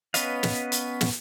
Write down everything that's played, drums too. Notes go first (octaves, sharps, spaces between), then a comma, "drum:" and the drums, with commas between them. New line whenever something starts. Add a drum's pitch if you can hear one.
B3 C#4 B4 D#5 F5, drum: hi-hat
drum: snare
drum: hi-hat
drum: snare